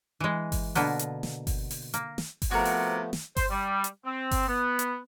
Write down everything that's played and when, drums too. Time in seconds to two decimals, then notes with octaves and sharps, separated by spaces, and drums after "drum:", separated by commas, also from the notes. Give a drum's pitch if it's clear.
0.20 E3 G#3
0.52 drum: kick G1, open hi-hat
0.75 B2 D3 A#3 B3, drum: open hi-hat
0.99 drum: hi-hat
1.23 drum: snare
1.47 drum: kick G1, open hi-hat
1.70 drum: open hi-hat
1.94 A#3, drum: hi-hat
2.18 drum: snare
2.42 drum: kick G1, open hi-hat
2.51 C3 F3 A3 B3 F#4 A#4 F#5
2.65 drum: open hi-hat
3.13 drum: snare
3.37 C5, drum: kick G1, open hi-hat
3.51 G3
3.84 drum: hi-hat
4.05 C4
4.31 drum: kick G1, open hi-hat
4.48 B3
4.79 drum: hi-hat